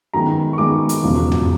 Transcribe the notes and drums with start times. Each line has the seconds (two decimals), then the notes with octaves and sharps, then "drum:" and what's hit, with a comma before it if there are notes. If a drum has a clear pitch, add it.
0.14 F#2 D#3 G#3 B3 A#5
0.53 C#6
0.58 F#2 D#3 G#3 B3 D6
0.89 drum: hi-hat
1.02 E1 E2 C#3 F3
1.32 drum: tom